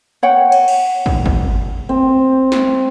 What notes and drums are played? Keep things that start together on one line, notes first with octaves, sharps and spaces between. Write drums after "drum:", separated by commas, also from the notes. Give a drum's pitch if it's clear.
C#5 F#5 G5
drum: cymbal
drum: cymbal
drum: kick
drum: kick
C4
drum: snare